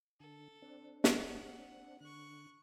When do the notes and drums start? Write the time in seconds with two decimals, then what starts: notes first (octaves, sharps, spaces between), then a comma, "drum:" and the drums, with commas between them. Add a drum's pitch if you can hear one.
0.20 D3 A4
0.62 C4 D4
1.04 F#5, drum: snare
2.00 D3 C#6 F#6